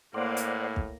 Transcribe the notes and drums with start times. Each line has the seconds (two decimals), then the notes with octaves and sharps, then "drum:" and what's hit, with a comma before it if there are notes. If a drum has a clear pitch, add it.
0.14 A2 A#3 C5 D5 F#5
0.37 drum: hi-hat
0.76 drum: kick